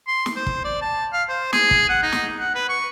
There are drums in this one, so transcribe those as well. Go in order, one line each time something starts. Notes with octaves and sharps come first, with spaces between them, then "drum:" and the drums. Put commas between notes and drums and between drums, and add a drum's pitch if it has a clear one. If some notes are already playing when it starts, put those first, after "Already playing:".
C6
drum: snare
C5
drum: kick
D5
A5
F5
C5
G#4, drum: snare
drum: kick
F#5
D#4
drum: snare
F#5
B4
C#6